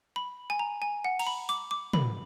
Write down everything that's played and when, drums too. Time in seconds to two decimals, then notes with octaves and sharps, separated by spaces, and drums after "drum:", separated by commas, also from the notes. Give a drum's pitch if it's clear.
0.16 B5
0.50 G#5
0.59 A#5
0.82 G#5
1.05 F#5
1.19 A#5, drum: cymbal
1.27 B5
1.49 D6, drum: hi-hat
1.71 D6
1.93 B5, drum: tom